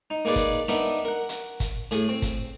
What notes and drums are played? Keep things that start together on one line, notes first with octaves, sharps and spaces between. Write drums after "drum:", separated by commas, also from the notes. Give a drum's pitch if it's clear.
D#4
A#3 D#4 G#4 B4 D5
drum: kick, hi-hat
B3 D4 D#4 A#4 E5, drum: hi-hat
A#4 F#5
drum: hi-hat
drum: kick, hi-hat
A2 G#4 G#5 D#6, drum: hi-hat
C4
drum: kick, hi-hat